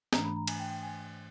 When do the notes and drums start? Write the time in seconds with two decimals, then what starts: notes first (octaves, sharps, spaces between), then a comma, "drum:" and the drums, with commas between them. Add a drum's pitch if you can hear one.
0.13 G#2 E3 A3 D4 A#5, drum: snare
0.24 B5
0.36 A#5
0.48 G#5, drum: cymbal
0.59 G5
0.71 G5
0.82 G#5